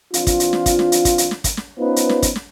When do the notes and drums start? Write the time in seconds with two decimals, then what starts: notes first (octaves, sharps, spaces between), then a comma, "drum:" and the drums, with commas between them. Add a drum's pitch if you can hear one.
0.14 E3 C4 D4 F4, drum: hi-hat
0.27 drum: kick, hi-hat
0.40 drum: hi-hat
0.53 drum: snare
0.66 drum: kick, hi-hat
0.79 drum: snare
0.92 drum: hi-hat
1.05 drum: kick, hi-hat
1.18 drum: hi-hat
1.31 drum: snare
1.44 drum: kick, hi-hat
1.57 drum: snare
1.78 B3 C#4 D#4 F4 B4 C5
1.96 drum: hi-hat
2.09 drum: snare
2.22 drum: kick, hi-hat
2.36 drum: snare